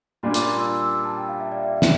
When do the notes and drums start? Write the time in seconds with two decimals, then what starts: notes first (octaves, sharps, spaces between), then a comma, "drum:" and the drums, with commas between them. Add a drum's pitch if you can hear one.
0.23 A#2 G3 A#3 D4 F4 C6
0.34 D6, drum: hi-hat
0.47 C6
0.58 E6
0.70 E6
0.81 E6
0.93 E6
1.05 A5
1.16 G5
1.28 F5
1.40 E5
1.52 D5
1.63 E5
1.82 E5, drum: snare